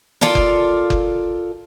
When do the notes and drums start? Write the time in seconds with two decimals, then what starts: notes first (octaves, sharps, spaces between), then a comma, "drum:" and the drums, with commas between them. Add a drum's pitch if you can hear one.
0.21 F4 A4 A#4 D5, drum: snare
0.35 drum: kick F#1
0.90 drum: kick F#1